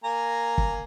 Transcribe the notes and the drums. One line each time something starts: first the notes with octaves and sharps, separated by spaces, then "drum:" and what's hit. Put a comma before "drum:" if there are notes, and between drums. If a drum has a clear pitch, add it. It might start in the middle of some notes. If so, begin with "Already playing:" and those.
A#3 G#5 A#5
drum: kick